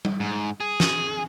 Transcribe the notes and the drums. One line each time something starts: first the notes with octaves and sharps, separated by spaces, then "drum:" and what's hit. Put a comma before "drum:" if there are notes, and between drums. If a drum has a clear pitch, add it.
drum: tom G3
G#2
G#4
drum: snare